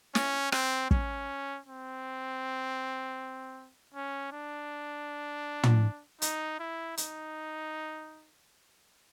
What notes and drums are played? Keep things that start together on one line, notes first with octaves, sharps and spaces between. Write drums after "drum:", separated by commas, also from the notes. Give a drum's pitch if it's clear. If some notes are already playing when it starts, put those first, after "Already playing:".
C#4, drum: snare
C4, drum: rim click
C#4, drum: kick
C4
C#4
D4
drum: tom
D#4, drum: hi-hat
E4
D#4, drum: hi-hat